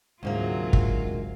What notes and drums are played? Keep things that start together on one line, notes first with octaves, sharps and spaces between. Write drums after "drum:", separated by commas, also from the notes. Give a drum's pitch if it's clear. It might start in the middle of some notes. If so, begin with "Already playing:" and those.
D2 G#2 C3 F#3 A#3 F4
drum: kick